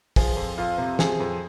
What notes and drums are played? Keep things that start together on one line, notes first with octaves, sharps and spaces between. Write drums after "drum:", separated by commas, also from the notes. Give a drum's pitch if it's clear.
F3 G#4, drum: kick, open hi-hat
F2
F2 F4
C3
F3 G#4, drum: snare
F2